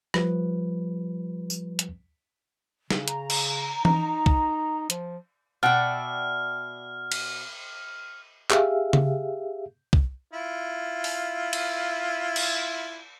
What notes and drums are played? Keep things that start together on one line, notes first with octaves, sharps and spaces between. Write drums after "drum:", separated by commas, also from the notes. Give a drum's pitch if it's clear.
F3 G3 B4, drum: rim click
drum: tambourine
drum: hi-hat
C#3, drum: snare
A#5, drum: hi-hat
drum: cymbal
D#4, drum: tom E3
drum: kick C2
F3, drum: hi-hat
B2 D5 E5 F#5 G5 F6
drum: cymbal
G4 G#4 E5 F5, drum: clap
drum: tom C#3
drum: kick C2
E4 F4
drum: open hi-hat
drum: cymbal
drum: cymbal